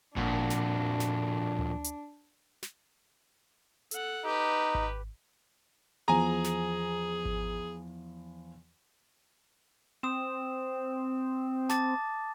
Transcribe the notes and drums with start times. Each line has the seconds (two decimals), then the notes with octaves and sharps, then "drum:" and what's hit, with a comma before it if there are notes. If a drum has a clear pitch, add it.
0.16 F2 A#2 D4 F#4, drum: kick G#1
0.50 drum: snare
1.00 drum: snare
1.59 drum: tom D2
1.84 drum: hi-hat
2.63 drum: snare
3.91 A4 F#5, drum: hi-hat
4.26 D#4 G4 B4
4.75 drum: kick G#1
6.08 E2 F3 G#4 G#5 A#5
6.44 drum: snare
7.25 drum: kick G#1
10.03 C4 D#6 E7
11.69 A5 D6 A6, drum: snare